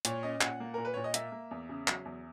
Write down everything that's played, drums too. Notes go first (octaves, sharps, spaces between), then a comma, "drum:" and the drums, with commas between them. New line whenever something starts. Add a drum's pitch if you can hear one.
A#2 C#5, drum: hi-hat
C#4 D#5
A#2 F#5, drum: clap
A#3
A#2 A#4
B4
A#2 C#5
D#5
A#3 E5, drum: hi-hat
A#3
E2
C#3
F#3, drum: clap
E2